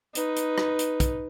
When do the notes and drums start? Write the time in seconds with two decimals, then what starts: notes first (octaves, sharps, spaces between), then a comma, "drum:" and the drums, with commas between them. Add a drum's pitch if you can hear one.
0.15 D#4 B4, drum: hi-hat
0.36 drum: hi-hat
0.58 drum: rim click
0.79 drum: hi-hat
1.00 drum: kick, hi-hat